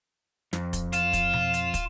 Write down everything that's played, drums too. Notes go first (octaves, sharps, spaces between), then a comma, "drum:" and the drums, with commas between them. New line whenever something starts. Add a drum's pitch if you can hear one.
F2, drum: snare
drum: kick, hi-hat
F4 E7, drum: hi-hat
drum: kick, hi-hat
drum: tom B2
drum: hi-hat
drum: kick, hi-hat